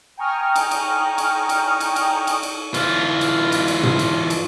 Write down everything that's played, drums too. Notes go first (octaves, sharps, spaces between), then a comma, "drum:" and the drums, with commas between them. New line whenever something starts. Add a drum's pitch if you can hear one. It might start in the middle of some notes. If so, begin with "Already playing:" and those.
G5 G#5 A#5 C#6 D#6 F6
drum: cymbal
drum: cymbal
drum: cymbal
drum: cymbal
drum: cymbal
drum: cymbal
drum: cymbal
drum: cymbal
E3 F4, drum: cymbal
drum: cymbal
drum: cymbal
drum: cymbal
drum: tom
drum: cymbal
drum: cymbal